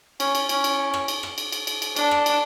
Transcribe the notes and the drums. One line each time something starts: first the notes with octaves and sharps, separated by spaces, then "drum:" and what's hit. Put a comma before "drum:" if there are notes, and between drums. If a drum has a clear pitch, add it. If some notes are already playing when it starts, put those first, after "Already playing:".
C#4, drum: cymbal
drum: cymbal
C#4, drum: cymbal
drum: cymbal
drum: rim click
drum: cymbal
drum: rim click
drum: cymbal
drum: cymbal
drum: cymbal
drum: cymbal
D4, drum: cymbal
drum: rim click
drum: cymbal